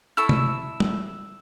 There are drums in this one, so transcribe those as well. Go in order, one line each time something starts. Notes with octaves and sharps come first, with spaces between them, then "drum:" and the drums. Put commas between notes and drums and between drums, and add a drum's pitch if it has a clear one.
E4 A4 C#6 E6
drum: tom C3
drum: tom